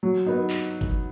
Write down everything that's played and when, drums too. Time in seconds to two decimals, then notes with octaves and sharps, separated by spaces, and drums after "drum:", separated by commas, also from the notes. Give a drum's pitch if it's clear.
0.03 F#3
0.27 B3 D#4
0.50 drum: clap
0.81 drum: kick G1